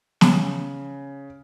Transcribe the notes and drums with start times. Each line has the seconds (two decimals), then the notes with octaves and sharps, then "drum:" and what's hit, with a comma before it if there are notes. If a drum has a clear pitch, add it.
0.21 C#3, drum: snare